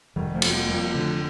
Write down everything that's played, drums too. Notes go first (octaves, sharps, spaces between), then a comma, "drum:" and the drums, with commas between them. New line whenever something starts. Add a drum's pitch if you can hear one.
F1 D#3 G3
F3 A3
F2, drum: cymbal
G3 A#3
F2 G3 A#3
D3 F3 A3